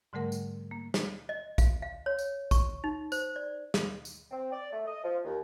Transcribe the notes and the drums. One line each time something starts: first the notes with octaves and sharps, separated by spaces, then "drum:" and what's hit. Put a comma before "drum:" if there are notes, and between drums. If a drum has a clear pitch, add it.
G#2 D3 G3 A3 A#4 F#5
drum: tambourine
A#3
drum: snare
D#5
F5, drum: kick A#1, tambourine
F5
C#5
drum: tambourine
C#6, drum: kick A#1, tambourine
D#4
C5, drum: tambourine
D5
drum: snare
drum: tambourine
C4
D5
A3
D#5
F3
D#2